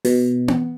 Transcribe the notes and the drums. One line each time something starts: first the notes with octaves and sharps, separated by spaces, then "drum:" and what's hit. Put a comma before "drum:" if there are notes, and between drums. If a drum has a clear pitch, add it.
B2, drum: open hi-hat
drum: tom B3